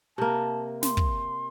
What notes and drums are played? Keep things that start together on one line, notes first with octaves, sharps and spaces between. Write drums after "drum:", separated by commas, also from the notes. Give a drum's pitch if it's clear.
C3 A#3 A5
C6, drum: snare
drum: kick